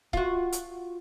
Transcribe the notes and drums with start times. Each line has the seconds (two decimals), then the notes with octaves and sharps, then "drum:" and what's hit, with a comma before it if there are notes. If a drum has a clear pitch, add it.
0.13 F4 F#4, drum: kick C#1
0.52 drum: hi-hat